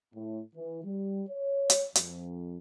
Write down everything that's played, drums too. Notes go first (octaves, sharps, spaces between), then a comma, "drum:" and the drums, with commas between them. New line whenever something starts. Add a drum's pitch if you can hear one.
A2
E3
G3
C#5
drum: hi-hat
F2, drum: hi-hat